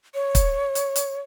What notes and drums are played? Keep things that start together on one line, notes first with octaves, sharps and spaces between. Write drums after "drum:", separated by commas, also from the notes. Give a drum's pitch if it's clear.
C#5
drum: kick, hi-hat
drum: hi-hat
drum: hi-hat